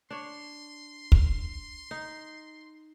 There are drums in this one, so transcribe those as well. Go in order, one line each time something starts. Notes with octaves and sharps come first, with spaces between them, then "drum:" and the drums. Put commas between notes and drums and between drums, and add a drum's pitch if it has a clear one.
D4 C#5 C6
drum: kick
D#4